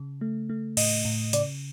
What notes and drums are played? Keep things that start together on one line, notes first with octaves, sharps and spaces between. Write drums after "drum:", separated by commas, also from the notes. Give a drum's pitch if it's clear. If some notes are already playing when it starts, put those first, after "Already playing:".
Already playing: C#3
A3
A3
A2 D#5, drum: cymbal
A2
C#3 D5, drum: hi-hat